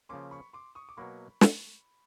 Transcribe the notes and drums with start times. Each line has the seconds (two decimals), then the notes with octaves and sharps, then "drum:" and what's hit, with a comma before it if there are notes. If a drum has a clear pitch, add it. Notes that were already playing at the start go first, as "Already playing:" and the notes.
0.09 C#3 F3 A#3 C#4 C6 D6
0.31 B5 C#6
0.53 C6 D6
0.75 C#6 D#6
0.89 D6
0.97 B2 F#3 A#3 B5 C#6
1.41 drum: snare